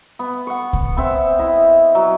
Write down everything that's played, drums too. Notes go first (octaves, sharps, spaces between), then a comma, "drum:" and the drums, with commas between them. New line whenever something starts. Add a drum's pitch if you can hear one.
B3
F#5 C#6
drum: kick C2
B3 C4 E5
E4 D#5
F#3